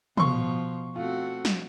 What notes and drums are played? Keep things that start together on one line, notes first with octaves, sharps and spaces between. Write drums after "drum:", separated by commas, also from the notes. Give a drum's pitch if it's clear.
B2 F3 C6 C#6, drum: tom
A3 C4 F4 F#4
drum: snare